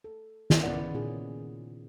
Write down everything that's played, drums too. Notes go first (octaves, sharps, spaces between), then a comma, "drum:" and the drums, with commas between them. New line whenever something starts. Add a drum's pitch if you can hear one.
A4
drum: snare
C#3 B3 E4 D5 F#5
A#2 D#3 C#4 G#4